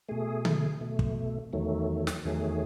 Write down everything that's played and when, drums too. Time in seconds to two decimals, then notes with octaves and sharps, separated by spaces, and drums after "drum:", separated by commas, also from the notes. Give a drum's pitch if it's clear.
0.09 B2 A3 G#4
0.45 drum: tom D3
0.81 B2 A3
0.99 drum: kick
1.53 E2 D#3 F#3 A3
2.07 drum: snare
2.25 E2 D#3 F#3 A3 G#4